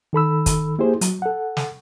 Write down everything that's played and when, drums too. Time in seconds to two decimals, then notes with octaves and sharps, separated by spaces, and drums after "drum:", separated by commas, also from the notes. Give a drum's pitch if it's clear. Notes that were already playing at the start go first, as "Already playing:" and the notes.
0.13 D#3 A4 B5 E6
0.46 drum: kick, hi-hat
0.79 A#3 E4 G4 G#4 C5
1.01 F#3, drum: hi-hat
1.22 A4 F#5
1.57 drum: snare